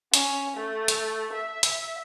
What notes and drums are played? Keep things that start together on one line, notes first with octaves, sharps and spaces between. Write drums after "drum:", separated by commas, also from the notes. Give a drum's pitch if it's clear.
C#4, drum: hi-hat
A3
drum: hi-hat
E5
drum: hi-hat